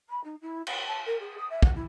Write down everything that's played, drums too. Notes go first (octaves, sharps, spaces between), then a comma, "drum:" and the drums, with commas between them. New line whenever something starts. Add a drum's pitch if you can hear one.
B5
D#4
E4
F#5, drum: cymbal
A5
A#4
G#4
D#6
E5
F#5, drum: kick
E4